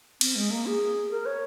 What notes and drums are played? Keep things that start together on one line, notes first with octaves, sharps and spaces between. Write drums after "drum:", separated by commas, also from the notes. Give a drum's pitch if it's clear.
C4, drum: cymbal
G#3
A#3
G#4
A#4
C#5